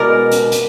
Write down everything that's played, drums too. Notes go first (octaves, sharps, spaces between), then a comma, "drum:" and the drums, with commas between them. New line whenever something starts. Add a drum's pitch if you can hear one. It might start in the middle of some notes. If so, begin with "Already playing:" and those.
Already playing: B2 G#3 B3 G#4 A#4 D5
drum: hi-hat
drum: hi-hat